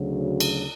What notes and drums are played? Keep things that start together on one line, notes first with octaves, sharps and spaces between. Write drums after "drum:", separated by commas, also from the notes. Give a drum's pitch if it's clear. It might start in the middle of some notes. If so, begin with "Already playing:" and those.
Already playing: D2 C#3 F#3
drum: cymbal